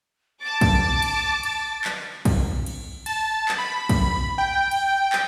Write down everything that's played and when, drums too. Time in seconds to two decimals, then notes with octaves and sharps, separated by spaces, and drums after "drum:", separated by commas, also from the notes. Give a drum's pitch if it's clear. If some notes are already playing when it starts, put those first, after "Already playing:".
0.41 A5 D6 A6
0.61 drum: kick, cymbal
1.02 drum: cymbal
1.43 drum: cymbal
1.84 drum: clap
2.25 drum: kick, cymbal
2.66 drum: cymbal
3.06 A5, drum: cymbal
3.48 drum: clap
3.58 B5
3.89 drum: kick, cymbal
4.38 G5
4.71 drum: cymbal
5.12 drum: clap